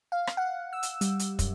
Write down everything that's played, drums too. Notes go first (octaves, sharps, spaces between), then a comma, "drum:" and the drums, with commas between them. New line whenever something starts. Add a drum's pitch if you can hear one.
F5
drum: rim click
F#5
E6
drum: hi-hat
G3, drum: hi-hat
drum: hi-hat
F#2, drum: kick, hi-hat